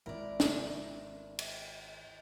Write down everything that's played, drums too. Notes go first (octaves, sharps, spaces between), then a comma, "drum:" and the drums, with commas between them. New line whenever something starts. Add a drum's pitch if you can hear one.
G#1 E4 A#4 D5
drum: snare
drum: cymbal